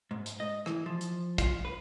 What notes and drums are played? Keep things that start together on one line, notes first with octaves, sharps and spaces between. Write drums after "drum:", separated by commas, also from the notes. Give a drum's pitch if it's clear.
G#2
drum: hi-hat
D#5
E3, drum: rim click
F3
drum: hi-hat
F4, drum: kick, hi-hat
B4